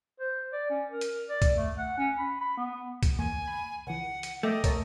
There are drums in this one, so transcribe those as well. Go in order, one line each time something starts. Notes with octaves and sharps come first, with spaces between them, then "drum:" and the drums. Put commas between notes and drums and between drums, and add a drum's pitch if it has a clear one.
C5
D5
C#4
A#4
drum: hi-hat
D5
drum: kick, hi-hat
A3
F#5
C#4
B5
B5
B3
drum: kick, hi-hat
E2 A#3 G#5
B5
C#2 E3 F#5
drum: hi-hat
A3 D#5 G5 D6
A#4 C#5 A5, drum: kick, hi-hat